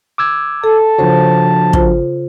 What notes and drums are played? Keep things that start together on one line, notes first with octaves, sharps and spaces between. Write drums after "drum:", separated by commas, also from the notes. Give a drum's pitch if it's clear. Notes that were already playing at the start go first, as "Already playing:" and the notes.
D6 E6 G#6
A4 A5
C#3 F3 D4 F#4 C5
F4 C5, drum: kick